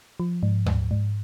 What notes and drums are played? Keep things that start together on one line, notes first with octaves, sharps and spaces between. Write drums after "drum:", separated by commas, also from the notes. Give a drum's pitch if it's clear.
F3
G#2
G#2, drum: tom D2
G#2